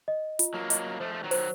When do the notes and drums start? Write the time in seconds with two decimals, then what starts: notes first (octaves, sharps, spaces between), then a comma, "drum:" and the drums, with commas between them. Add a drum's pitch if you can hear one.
0.08 D#5
0.39 F4, drum: hi-hat
0.54 F#3 A#3
0.70 D#5, drum: hi-hat
1.00 F3 A3 C5
1.14 A3
1.24 D#3 F#3
1.31 C5, drum: open hi-hat